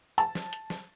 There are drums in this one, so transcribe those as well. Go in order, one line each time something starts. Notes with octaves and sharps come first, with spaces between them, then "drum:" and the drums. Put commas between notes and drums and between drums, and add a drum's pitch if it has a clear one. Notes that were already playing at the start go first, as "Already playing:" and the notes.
A5, drum: hi-hat
drum: snare
drum: hi-hat
drum: snare